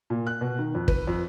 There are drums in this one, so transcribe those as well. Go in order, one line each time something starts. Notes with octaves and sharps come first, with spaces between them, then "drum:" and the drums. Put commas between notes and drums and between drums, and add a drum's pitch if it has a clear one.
A#2
F#6
B2
D#3
F2
B4, drum: kick
F2